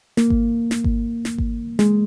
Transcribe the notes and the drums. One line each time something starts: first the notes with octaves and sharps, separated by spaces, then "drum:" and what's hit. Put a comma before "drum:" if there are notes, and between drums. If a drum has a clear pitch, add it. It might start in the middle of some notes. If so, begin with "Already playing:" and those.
A#3, drum: snare
drum: kick G#1
drum: snare
drum: kick G#1
drum: snare
drum: kick G#1
G#3, drum: snare